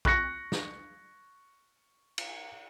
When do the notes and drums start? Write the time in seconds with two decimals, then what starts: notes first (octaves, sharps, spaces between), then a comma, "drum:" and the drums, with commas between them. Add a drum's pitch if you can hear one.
0.05 C#6 F#6 A#6 C#7, drum: kick A#1
0.52 drum: snare
2.18 drum: cymbal